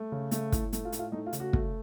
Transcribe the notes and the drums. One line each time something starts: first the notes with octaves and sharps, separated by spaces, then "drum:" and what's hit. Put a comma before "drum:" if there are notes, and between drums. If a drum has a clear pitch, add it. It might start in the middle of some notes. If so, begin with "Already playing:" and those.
Already playing: A3
C#3
A3, drum: hi-hat
A2, drum: kick, hi-hat
A3, drum: hi-hat
F4
A2, drum: hi-hat
F4
A3 D#4
F4
C#3, drum: hi-hat
F#4
A3, drum: kick